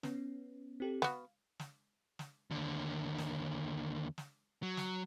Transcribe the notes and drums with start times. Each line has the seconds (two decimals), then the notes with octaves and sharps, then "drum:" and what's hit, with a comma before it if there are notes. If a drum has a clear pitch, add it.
0.03 B3 C#4, drum: snare
0.80 C4 G4 A4
1.02 B3 F#4 F5, drum: snare
1.60 drum: snare
2.19 drum: snare
2.51 D#2 D3
3.18 drum: snare
4.18 drum: snare
4.63 F#3
4.77 drum: snare